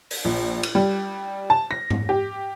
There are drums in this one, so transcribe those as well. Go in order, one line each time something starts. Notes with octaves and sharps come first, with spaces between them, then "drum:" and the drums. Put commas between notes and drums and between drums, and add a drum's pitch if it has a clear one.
drum: open hi-hat
A#1
drum: cymbal
G3
A5
A#6
drum: tom G#2
G4